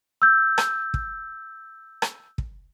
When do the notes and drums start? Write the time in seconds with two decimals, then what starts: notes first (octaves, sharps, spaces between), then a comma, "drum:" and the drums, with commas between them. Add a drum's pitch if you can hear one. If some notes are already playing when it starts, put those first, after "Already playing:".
0.22 E6 G6
0.58 drum: rim click
0.94 drum: kick
2.02 drum: rim click
2.38 drum: kick